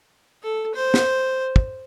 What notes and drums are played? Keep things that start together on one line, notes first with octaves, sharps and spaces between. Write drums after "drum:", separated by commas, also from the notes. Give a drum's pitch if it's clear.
A4
C5
drum: snare
drum: kick